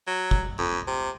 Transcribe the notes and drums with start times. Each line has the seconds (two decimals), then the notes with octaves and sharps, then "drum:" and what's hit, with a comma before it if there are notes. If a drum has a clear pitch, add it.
0.07 F#3
0.31 drum: kick
0.59 F2
0.87 C3